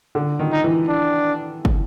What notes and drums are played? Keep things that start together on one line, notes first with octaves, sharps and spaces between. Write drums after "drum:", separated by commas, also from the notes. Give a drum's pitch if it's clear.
D3
D#3
D#4
E3
D4
drum: kick